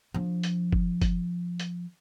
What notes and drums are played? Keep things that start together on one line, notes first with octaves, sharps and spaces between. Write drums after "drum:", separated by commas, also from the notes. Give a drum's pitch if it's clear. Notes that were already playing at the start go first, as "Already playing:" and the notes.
F3 D4
drum: hi-hat
drum: kick
drum: kick, hi-hat
drum: hi-hat